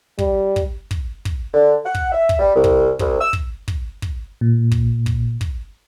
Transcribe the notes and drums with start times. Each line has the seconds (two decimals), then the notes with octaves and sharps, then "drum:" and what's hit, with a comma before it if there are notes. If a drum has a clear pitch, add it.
0.19 G3, drum: kick
0.56 drum: kick
0.91 drum: kick
1.25 drum: kick
1.54 D3
1.85 F#5
1.95 drum: kick
2.12 E5
2.29 drum: kick
2.39 G3
2.55 C2
2.64 drum: kick
2.99 C2, drum: kick
3.20 E6
3.33 drum: kick
3.68 drum: kick
4.02 drum: kick
4.41 A#2
4.72 drum: kick
5.06 drum: kick
5.41 drum: kick